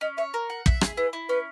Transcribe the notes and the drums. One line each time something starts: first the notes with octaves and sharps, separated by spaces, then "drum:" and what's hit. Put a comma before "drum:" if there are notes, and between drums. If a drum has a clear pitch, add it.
C#4 D#5
C#5 E5
A#4
F#5
E5, drum: kick
G#4, drum: rim click
E4 B4
E4
C#4 B4